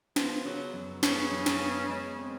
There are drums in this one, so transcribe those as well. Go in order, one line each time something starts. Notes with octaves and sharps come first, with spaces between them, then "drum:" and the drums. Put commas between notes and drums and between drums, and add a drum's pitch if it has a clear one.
F3 B3, drum: snare
C#3 F#3
F#2
C#3 B3, drum: snare
F#2
drum: snare
B3
C#3 G#3
C4